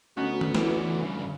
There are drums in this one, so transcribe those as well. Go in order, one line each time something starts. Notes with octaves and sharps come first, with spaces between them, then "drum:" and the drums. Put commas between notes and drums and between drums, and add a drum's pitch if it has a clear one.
D2 B3 C#4 D#4 F#4
drum: tom
E3 B3 D5, drum: snare
G2 C#3